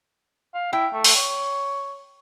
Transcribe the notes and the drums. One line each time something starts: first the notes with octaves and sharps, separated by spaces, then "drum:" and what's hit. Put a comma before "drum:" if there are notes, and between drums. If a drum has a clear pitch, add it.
F5
E4 G5
A3
drum: open hi-hat
C#5